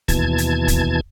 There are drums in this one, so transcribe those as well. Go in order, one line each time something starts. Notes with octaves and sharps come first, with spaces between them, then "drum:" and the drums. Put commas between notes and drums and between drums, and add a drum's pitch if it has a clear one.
D#2 B2 E3 A5 G#6, drum: kick, hi-hat
drum: hi-hat
drum: kick, hi-hat